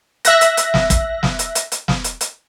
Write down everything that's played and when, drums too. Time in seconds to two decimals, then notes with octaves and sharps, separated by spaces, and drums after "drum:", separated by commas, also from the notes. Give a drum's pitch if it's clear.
0.25 E5 F#6 A#6, drum: hi-hat
0.41 drum: hi-hat
0.57 drum: hi-hat
0.74 drum: snare
0.90 drum: kick, hi-hat
1.23 drum: snare
1.39 drum: hi-hat
1.55 drum: hi-hat
1.72 drum: hi-hat
1.88 drum: snare
2.04 drum: hi-hat
2.21 drum: hi-hat